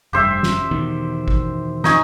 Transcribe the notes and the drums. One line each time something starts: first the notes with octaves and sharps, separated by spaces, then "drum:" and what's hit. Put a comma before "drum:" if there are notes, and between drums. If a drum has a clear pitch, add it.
F1 G2 G4 C5 E5
drum: snare
E2 B2 D#3
drum: kick
D#4 G#5 C#6, drum: snare